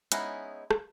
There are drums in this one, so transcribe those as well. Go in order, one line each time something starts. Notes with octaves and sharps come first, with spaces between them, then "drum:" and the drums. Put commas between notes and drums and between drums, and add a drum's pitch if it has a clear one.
G#3 B3 C#4 D#4 E4, drum: hi-hat
drum: rim click